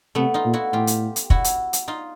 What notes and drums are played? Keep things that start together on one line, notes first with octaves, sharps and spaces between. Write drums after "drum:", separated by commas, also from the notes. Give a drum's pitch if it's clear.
C3 A3 B3
D#4 F4
A#2
E4 F#4
A2 F4 G4
drum: hi-hat
drum: hi-hat
E4 F#4, drum: kick
drum: hi-hat
drum: hi-hat
D#4 F4